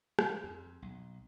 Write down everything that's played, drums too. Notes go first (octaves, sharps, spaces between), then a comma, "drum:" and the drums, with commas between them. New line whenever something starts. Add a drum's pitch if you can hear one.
drum: rim click
F2
B1